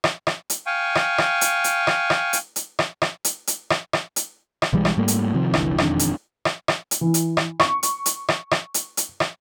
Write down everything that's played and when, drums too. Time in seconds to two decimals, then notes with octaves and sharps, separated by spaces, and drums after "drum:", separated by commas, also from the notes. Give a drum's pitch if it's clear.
0.04 drum: rim click
0.27 drum: rim click
0.50 drum: hi-hat
0.66 F5 G5 G#5 C#6
0.95 drum: rim click
1.18 drum: rim click
1.41 drum: hi-hat
1.64 drum: hi-hat
1.87 drum: rim click
2.10 drum: rim click
2.33 drum: hi-hat
2.56 drum: hi-hat
2.79 drum: rim click
3.02 drum: rim click
3.24 drum: hi-hat
3.47 drum: hi-hat
3.70 drum: rim click
3.93 drum: rim click
4.16 drum: hi-hat
4.62 drum: rim click
4.73 B1 E3 G3 G#3
4.85 drum: rim click
4.97 G#2 G3 A3 A#3
5.08 drum: hi-hat
5.34 C3 D#3 F3 C4
5.54 F1 C2 D3 E3, drum: rim click
5.78 E1 F2 D#3 D4, drum: rim click
5.99 drum: hi-hat
6.45 drum: rim click
6.68 drum: rim click
6.91 drum: hi-hat
7.01 E3
7.14 drum: hi-hat
7.37 drum: rim click
7.60 C#6, drum: rim click
7.83 drum: hi-hat
8.06 drum: hi-hat
8.28 drum: rim click
8.51 drum: rim click
8.74 drum: hi-hat
8.97 drum: hi-hat
9.20 drum: rim click